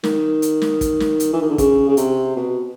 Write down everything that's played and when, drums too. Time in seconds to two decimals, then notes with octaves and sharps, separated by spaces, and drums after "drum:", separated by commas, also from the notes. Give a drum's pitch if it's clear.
0.04 D#3, drum: snare
0.42 drum: hi-hat
0.62 drum: snare
0.81 drum: kick, hi-hat
1.00 drum: snare
1.20 drum: hi-hat
1.33 E3
1.42 D#3
1.50 D3
1.58 C#3, drum: kick, hi-hat
1.88 C#3
1.97 C3, drum: hi-hat
2.36 B2